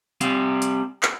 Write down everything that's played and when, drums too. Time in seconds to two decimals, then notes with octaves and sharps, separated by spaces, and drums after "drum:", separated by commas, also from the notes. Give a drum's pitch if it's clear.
0.21 G3 C4 G4 F5, drum: hi-hat
0.62 drum: hi-hat
1.03 drum: clap